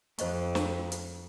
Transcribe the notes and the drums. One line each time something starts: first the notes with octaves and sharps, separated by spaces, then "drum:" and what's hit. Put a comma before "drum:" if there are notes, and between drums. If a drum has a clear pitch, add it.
F2 C5 D#5 C#6, drum: hi-hat
drum: snare
drum: hi-hat